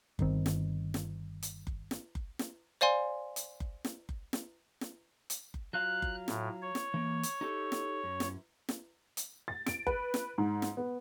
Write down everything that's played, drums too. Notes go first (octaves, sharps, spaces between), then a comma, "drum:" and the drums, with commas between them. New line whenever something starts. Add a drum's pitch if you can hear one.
G1 D#3 C4, drum: kick F#1
drum: snare
drum: snare
drum: hi-hat
drum: kick F#1
drum: snare
drum: kick F#1
drum: snare
C5 D5 F5 G#5 C6
drum: hi-hat
drum: kick F#1
drum: snare
drum: kick F#1
drum: snare
drum: snare
drum: hi-hat
drum: kick F#1
F#3 F4 F5 F#6
drum: kick F#1
A2, drum: snare
C#5
drum: snare
E3 A#3
drum: hi-hat
D#4 G4 A4
drum: snare
F#2
drum: snare
drum: snare
drum: hi-hat
A6
D7, drum: snare
B4, drum: kick F#1
drum: snare
G#2
drum: snare
B3